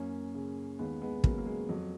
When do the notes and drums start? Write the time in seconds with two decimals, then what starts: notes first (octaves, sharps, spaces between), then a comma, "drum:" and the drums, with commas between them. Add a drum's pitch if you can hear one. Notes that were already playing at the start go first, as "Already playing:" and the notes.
Already playing: F#2 A#3 C#4
0.34 C#3
0.79 D#2 G#3 B3
1.02 G#3 B3
1.24 C#3 F#3 A#3, drum: kick
1.38 A#3
1.46 G#3
1.69 F2 F#3